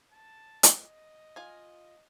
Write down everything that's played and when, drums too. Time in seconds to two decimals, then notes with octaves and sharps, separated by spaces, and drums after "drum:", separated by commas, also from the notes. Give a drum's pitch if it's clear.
0.13 A5
0.63 drum: hi-hat
0.80 D#5
1.36 F4 G#5